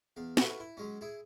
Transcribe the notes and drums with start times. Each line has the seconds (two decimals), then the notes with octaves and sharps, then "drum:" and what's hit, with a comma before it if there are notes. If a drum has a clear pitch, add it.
0.16 E2 F5
0.37 E4 F#4 A4 B4 E5 F5, drum: snare
0.60 E4
0.77 F#3 G#3 C#4
1.01 E4 G#4